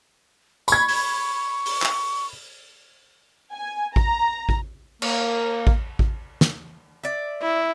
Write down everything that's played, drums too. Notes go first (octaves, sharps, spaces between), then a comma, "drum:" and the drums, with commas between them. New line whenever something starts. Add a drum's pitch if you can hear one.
B5 C#6 G#6, drum: tambourine
drum: open hi-hat
drum: open hi-hat
drum: clap
G#5
A#5, drum: kick A1
drum: kick A1
A#3, drum: cymbal
drum: kick A1
drum: kick A1
drum: snare
D5 E5
E4